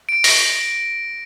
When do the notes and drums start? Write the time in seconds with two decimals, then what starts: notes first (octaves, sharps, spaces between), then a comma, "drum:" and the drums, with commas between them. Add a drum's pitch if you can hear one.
0.09 D7
0.24 A#6, drum: open hi-hat